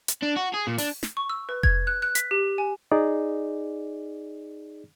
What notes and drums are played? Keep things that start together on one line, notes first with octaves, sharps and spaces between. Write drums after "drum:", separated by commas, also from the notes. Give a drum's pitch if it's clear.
drum: hi-hat
D4
F#4
G#4
A#2
D4, drum: open hi-hat
drum: snare
C#6
E6
B4
G#6, drum: kick F1
F#6
F#6
B6, drum: hi-hat
G4
G#5
D#4 G#4 D5